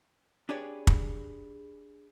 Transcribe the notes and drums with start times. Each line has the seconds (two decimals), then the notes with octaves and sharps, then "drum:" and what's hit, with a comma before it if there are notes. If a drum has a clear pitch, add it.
0.49 D4 G4 G#4 B4 C#5 D5
0.87 drum: kick